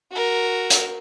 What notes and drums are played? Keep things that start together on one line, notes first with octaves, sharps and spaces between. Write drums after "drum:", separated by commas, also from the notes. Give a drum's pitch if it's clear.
F#4 A#4
drum: hi-hat